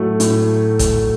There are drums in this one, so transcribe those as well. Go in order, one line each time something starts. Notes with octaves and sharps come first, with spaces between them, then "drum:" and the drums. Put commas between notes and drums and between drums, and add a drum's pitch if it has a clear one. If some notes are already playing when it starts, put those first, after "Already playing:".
Already playing: A2 F#3 A3
A2, drum: hi-hat
drum: kick, hi-hat